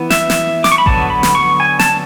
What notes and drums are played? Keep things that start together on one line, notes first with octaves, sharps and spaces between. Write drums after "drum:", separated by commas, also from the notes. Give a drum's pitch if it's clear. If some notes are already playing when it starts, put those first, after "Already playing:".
Already playing: E3 B3
E5, drum: snare
drum: snare
D6, drum: snare
C#6
B5
D3 F#3 B3 A5, drum: kick A1
B5
drum: snare
C#6
G#5
A5, drum: snare